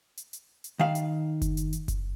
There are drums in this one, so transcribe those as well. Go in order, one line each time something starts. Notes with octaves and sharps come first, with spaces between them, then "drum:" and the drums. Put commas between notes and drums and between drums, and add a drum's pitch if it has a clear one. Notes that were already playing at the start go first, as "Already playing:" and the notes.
drum: hi-hat
drum: hi-hat
drum: hi-hat
D#3 F5
drum: hi-hat
drum: kick F#1, hi-hat
drum: hi-hat
drum: hi-hat
drum: kick F#1, hi-hat